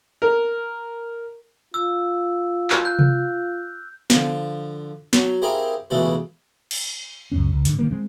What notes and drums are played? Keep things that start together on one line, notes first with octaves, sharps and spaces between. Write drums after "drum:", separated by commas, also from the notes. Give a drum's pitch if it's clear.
A#4
F4 E6
drum: clap
F#6 G6
drum: tom C3
D3 F3, drum: snare
F#3, drum: snare
C4 E4 G4 G#4 A#4 F5
C#2 B2 E3 G#3 A3 F#4
drum: cymbal
C#2 F#2 C#4
C#2
G#2 D3, drum: hi-hat
D#3 F#3 A#3
G#3 C4